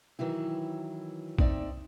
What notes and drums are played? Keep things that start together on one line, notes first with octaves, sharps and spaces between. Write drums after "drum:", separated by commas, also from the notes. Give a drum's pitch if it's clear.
D#3 E3 F#3 E4
C4 D#4 D5 E5, drum: kick